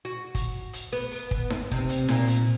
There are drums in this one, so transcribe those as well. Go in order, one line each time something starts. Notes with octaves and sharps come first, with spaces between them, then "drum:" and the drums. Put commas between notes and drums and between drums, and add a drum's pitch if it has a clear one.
F#4
drum: kick, hi-hat
drum: hi-hat
B3
drum: open hi-hat
drum: kick
drum: snare D#4
C3, drum: kick
drum: hi-hat
A#2, drum: snare D#4
drum: hi-hat